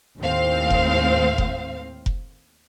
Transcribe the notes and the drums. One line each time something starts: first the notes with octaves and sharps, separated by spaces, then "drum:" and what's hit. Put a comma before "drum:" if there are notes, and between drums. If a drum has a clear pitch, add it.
D#2 A2 C4 C5 F5
drum: kick F1
drum: kick F1
drum: kick F1